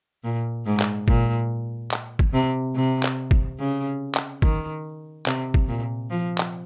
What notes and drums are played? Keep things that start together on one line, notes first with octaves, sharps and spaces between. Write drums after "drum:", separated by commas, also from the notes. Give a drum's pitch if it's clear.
A#2
G#2
drum: clap
A#2, drum: kick
drum: clap
drum: kick
C3
C3
drum: clap
drum: kick
C#3
drum: clap
D#3, drum: kick
C3, drum: clap
drum: kick
A#2
F3
drum: clap